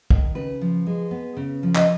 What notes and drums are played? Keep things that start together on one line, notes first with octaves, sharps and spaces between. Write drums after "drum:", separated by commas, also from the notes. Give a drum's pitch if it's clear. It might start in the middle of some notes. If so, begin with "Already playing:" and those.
D#3, drum: kick
C#3 B4
F3
G#3
B3
C#3
F3
D#5, drum: clap